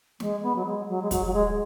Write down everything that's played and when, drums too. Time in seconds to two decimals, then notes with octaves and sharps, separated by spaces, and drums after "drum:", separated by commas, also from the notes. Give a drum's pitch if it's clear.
0.20 G#3, drum: snare
0.42 B3
0.56 F#3
0.65 G#3
0.88 F#3
1.02 G#3
1.11 F#3, drum: kick, hi-hat
1.26 F#3
1.33 G#3